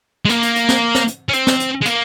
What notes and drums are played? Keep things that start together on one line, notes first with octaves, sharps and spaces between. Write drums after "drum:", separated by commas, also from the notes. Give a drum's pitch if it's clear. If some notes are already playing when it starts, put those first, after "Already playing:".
G#3
A#3, drum: hi-hat
drum: hi-hat
drum: hi-hat
drum: snare
drum: snare
drum: hi-hat
C#4
C4, drum: hi-hat
drum: snare
drum: hi-hat
G#3
A#3, drum: hi-hat